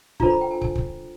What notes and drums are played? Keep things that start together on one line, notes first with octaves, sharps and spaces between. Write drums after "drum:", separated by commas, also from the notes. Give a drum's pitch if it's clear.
D4 F4 A4 C5 A#5, drum: kick
B5
G5
G#5
G#5, drum: kick
drum: kick